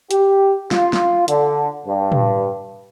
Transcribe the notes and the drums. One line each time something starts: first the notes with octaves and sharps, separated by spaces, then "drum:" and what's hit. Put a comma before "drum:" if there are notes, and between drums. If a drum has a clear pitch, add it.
G4, drum: hi-hat
F4, drum: snare
drum: snare
D3, drum: hi-hat
G2
drum: tom